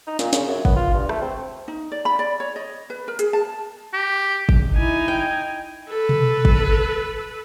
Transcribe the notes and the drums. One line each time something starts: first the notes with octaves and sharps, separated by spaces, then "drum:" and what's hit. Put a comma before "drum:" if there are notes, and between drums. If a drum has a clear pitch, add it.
D#4
A#2, drum: snare
C#3, drum: snare
F#2
B3, drum: kick
F4
G2
A3, drum: rim click
C4
D#4
D5
B5
D5
C#5
D#5
B4
A#4
G#4, drum: hi-hat
A5
G4
drum: kick
D#4 E4 G#5
G5
A4 B4
drum: tom B2
drum: kick